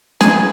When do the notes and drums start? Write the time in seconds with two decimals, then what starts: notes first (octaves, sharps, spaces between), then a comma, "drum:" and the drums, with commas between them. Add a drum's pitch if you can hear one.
0.21 G#4, drum: snare